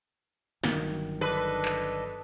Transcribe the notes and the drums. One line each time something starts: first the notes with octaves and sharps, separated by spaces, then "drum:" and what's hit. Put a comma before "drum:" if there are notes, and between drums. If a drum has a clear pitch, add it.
G1 D#3 F#3, drum: snare
D4 A4 B4 D#5
drum: clap